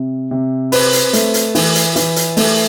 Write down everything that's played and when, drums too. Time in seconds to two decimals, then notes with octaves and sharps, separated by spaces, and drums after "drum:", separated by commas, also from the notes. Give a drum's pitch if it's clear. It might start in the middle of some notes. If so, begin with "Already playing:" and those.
Already playing: C3
0.31 C3
0.72 C4 B4, drum: open hi-hat
0.93 drum: hi-hat
1.13 A3, drum: hi-hat
1.34 drum: hi-hat
1.55 E3, drum: open hi-hat
1.75 drum: hi-hat
1.96 E3, drum: hi-hat
2.16 drum: hi-hat
2.37 A3, drum: open hi-hat